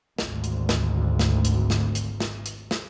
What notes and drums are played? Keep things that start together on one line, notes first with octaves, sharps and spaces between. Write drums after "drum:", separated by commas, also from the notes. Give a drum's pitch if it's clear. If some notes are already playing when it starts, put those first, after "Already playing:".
G#1 D2, drum: snare
drum: hi-hat
drum: snare
drum: snare
drum: hi-hat
drum: snare
drum: hi-hat
drum: snare
drum: hi-hat
drum: snare